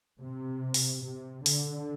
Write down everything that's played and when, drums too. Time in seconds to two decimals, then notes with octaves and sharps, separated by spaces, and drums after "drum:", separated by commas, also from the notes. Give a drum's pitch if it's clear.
0.20 C3
0.74 drum: open hi-hat
1.04 C3
1.46 D3, drum: open hi-hat